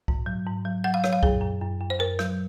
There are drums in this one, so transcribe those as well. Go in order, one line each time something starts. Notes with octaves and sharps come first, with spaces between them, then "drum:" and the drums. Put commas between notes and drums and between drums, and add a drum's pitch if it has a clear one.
G#2, drum: kick C2
F#3
G#2
F#3
F#3 F#5
F5
F#3 C#5, drum: rim click
F5
F#2 G#4, drum: kick C2
F#2
F#2
F#2
C5
F#2 A#4
F#3, drum: rim click